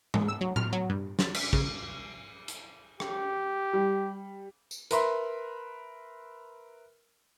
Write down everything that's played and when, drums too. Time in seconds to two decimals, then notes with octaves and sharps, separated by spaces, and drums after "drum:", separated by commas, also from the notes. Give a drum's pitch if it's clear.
0.14 G#3, drum: tom G#2
0.28 E6
0.41 F#3
0.56 F6, drum: tom A2
0.73 F#3
0.90 G2
1.19 A6, drum: snare
1.35 B6, drum: cymbal
1.53 C#3, drum: kick
2.48 drum: hi-hat
3.00 G4, drum: rim click
3.73 G3
4.71 drum: tambourine
4.91 A#4 B4 E5 B5 C6, drum: hi-hat